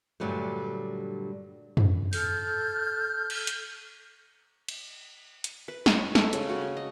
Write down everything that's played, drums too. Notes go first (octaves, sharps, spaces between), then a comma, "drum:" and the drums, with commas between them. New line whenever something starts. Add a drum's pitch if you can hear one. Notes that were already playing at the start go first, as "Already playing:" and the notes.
G2 A#2 D3 F#3 G3 A3
drum: tom
A4 F6 G6, drum: open hi-hat
drum: cymbal
drum: hi-hat
drum: cymbal
drum: hi-hat
B4
B4, drum: snare
C#5
A4, drum: snare
C#3, drum: hi-hat
F#4
G#5
D#5